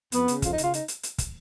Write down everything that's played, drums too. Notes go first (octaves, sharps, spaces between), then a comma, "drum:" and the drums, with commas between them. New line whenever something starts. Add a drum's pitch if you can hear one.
F2 B3, drum: hi-hat
C#3, drum: hi-hat
F2 F4, drum: kick, hi-hat
D#4
C#3 F4, drum: hi-hat
D#4, drum: hi-hat
drum: hi-hat
drum: hi-hat
drum: kick, hi-hat